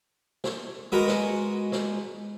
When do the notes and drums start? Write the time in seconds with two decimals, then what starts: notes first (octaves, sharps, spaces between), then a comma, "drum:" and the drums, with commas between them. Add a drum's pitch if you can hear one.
0.44 drum: snare
0.92 G#3 B3 F#4 A#4 A#5 B5
1.08 drum: snare
1.72 drum: snare